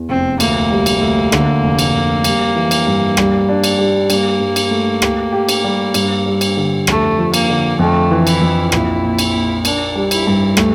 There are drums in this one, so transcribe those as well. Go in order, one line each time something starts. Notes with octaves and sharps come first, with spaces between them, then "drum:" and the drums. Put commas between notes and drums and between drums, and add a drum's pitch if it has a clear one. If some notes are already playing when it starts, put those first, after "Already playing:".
Already playing: E2 E3
F1 C4
D2 A#3, drum: cymbal
G3
drum: cymbal
D2
D3, drum: rim click
F1
drum: cymbal
F1
G3, drum: cymbal
E3
drum: cymbal
G2
G3, drum: rim click
D4
drum: cymbal
G3
G2 A#3, drum: cymbal
G2
drum: cymbal
A3
G4, drum: rim click
G4
drum: cymbal
G3
G2, drum: cymbal
G3
drum: cymbal
D3
F2 A3, drum: rim click
F3
A#3, drum: cymbal
D3
F2 A3
E3
E4, drum: cymbal
F2
A#1 E4, drum: rim click
A#2
drum: cymbal
A#2
A#3 D4, drum: cymbal
G3
E4, drum: cymbal
G2
A3, drum: rim click